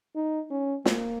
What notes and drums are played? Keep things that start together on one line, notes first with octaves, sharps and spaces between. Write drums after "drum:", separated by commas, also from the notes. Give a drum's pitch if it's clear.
D#4
C#4
A#3, drum: snare